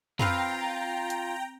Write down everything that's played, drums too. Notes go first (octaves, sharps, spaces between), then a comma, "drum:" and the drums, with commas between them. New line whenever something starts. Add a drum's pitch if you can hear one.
C4 F4 B4 F5 G5 A#5, drum: tom F2
drum: hi-hat